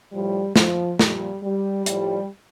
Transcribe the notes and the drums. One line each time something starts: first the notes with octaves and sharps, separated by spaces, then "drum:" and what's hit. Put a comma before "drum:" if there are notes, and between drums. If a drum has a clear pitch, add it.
A2 F3 G3
F3, drum: snare
A#2 F3 G3, drum: snare
G3
A2 F3 G3, drum: hi-hat